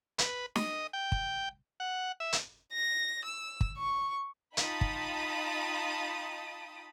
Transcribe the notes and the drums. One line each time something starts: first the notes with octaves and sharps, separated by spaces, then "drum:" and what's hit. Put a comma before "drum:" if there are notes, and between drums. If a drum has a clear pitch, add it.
B4, drum: hi-hat
D#5, drum: snare
G5
drum: kick
F#5
E5
drum: hi-hat
A#6
E6
drum: kick
C#6
D#4 F4 G5 A5 B5 D#6, drum: hi-hat
drum: kick